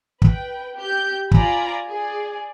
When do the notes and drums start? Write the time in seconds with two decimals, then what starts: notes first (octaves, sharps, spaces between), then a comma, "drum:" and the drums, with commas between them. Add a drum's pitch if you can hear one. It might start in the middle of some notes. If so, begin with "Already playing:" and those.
0.22 B4 G5, drum: kick
0.77 G4 G6
1.31 F4 D5 G#5 A#5 B5, drum: kick
1.88 G#4 D5